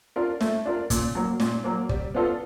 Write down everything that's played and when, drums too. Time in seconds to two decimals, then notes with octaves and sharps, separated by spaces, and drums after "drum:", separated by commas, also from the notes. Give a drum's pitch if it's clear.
0.16 D4 F4 A#4
0.41 A3, drum: snare
0.65 D4 F4 A#4
0.90 A#2, drum: kick, hi-hat
1.15 F#3 A#3
1.40 A#2, drum: snare
1.64 F#3 A#3
1.89 G3, drum: kick
2.14 B3 D4 F4 A4